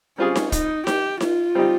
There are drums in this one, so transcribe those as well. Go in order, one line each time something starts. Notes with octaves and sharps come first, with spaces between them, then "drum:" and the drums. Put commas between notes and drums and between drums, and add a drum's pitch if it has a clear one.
G3 C4 C#4 F4 G#4
drum: snare D#4
D#4, drum: kick, hi-hat
G4, drum: snare D#4
F4, drum: snare D#4
G3 C4 D#4 G4